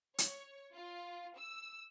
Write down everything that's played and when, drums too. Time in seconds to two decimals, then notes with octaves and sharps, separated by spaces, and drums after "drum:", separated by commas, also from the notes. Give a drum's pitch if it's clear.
0.18 C#5, drum: hi-hat
0.75 F4
1.38 E6